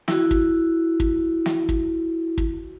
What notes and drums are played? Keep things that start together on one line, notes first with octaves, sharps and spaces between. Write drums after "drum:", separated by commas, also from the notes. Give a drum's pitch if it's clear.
E4 F#4, drum: snare
drum: kick
drum: kick
drum: snare
drum: kick
drum: kick